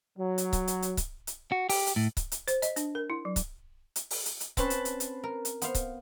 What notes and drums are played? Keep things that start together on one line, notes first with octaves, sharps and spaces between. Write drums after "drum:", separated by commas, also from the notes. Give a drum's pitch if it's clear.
F#3
drum: hi-hat
drum: kick C#1, hi-hat
drum: hi-hat
drum: hi-hat
drum: kick C#1, hi-hat
drum: hi-hat
F#4
G4, drum: open hi-hat
drum: hi-hat
A2
drum: kick C#1, hi-hat
drum: hi-hat
C5, drum: hi-hat
D#5, drum: hi-hat
D4, drum: hi-hat
A#4
E4
F#3
drum: kick C#1, hi-hat
drum: hi-hat
drum: open hi-hat
drum: hi-hat
drum: hi-hat
C4 C#4 B4 C5 A5, drum: kick C#1, hi-hat
drum: hi-hat
drum: hi-hat
drum: hi-hat
A#4
drum: hi-hat
B3 C5 F5, drum: hi-hat
drum: kick C#1, hi-hat